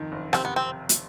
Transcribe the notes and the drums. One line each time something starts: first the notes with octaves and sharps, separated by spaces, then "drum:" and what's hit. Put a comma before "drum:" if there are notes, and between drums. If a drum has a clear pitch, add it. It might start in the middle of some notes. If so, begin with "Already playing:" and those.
Already playing: F2 D#3
F#1
C3 C4, drum: rim click
B3
C4
drum: hi-hat